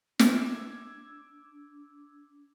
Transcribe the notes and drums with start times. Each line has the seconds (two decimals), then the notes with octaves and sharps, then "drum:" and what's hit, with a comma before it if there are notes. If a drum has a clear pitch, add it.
0.19 D4 D6 E6 G#6, drum: snare